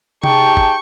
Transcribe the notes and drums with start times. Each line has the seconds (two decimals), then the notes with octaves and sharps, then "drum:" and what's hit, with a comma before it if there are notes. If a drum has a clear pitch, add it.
0.24 D#4 G4 G#4 G5 A5 C#6, drum: tom C3
0.57 drum: kick